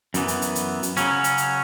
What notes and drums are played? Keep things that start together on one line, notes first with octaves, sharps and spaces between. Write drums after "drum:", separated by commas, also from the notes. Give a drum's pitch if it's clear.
F#2 E3 B3, drum: hi-hat
drum: hi-hat
drum: hi-hat
drum: hi-hat
drum: hi-hat
C#3 F#3 C#4, drum: hi-hat
drum: hi-hat
drum: hi-hat